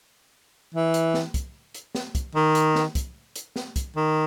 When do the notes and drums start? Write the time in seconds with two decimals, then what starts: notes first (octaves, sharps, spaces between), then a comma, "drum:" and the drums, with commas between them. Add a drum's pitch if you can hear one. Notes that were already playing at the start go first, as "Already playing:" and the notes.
0.74 E3
0.94 drum: hi-hat
1.14 drum: snare
1.34 drum: kick, hi-hat
1.75 drum: hi-hat
1.95 drum: snare
2.15 drum: kick, hi-hat
2.35 D#3
2.55 drum: hi-hat
2.75 drum: snare
2.95 drum: kick, hi-hat
3.36 drum: hi-hat
3.56 drum: snare
3.76 drum: kick, hi-hat
3.96 D#3